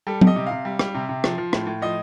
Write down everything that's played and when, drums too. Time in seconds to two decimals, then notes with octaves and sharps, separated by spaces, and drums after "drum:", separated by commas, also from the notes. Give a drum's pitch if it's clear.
0.07 G3 A4
0.21 G3, drum: tom
0.27 D#5
0.36 C3
0.47 C3 F5
0.65 G3
0.79 G3, drum: rim click
0.94 C3
1.09 C3
1.24 F3, drum: rim click
1.38 F3
1.53 A2, drum: rim click
1.67 A2
1.82 F3 D#5